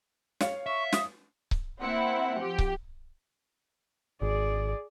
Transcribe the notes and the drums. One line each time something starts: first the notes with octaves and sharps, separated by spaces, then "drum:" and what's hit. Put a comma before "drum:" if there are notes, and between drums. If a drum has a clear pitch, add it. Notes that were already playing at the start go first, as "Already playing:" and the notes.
C#5 F5, drum: snare
E5 C#6
D#6, drum: snare
drum: kick C#1
A#3 C4 E4 F#5
F3 G4
drum: kick C#1
G#1 G#4 D5